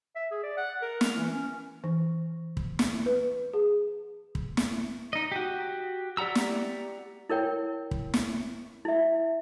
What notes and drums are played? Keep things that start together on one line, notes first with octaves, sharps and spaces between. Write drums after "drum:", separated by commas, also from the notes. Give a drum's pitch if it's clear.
E5
G#4
D5
F#5
A#4
F6, drum: snare
E3
C#4
E3
drum: kick
drum: snare
B4
G#4
drum: kick
drum: snare
D#4 D#5
F#4 G4
G4 D5 F#5 A#5 E6
drum: snare
E4 A#4 C#5 G5
drum: kick
drum: snare
E4 E5